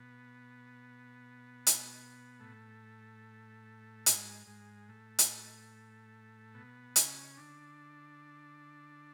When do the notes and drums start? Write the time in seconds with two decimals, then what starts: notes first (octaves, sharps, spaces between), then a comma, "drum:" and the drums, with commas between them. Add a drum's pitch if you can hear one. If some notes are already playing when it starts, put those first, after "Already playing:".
Already playing: B2 B3
1.67 drum: hi-hat
2.40 A2 A3
4.06 G#2 G#3, drum: hi-hat
4.47 G#2 G#3
4.88 A2 A3
5.19 drum: hi-hat
6.54 B2 B3
6.96 C#3 C#4, drum: hi-hat
7.37 D3 D4